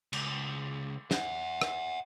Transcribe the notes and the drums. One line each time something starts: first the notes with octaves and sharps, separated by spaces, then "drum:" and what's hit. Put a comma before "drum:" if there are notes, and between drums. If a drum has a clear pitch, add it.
C#2, drum: cymbal
E5 F#5, drum: snare
drum: rim click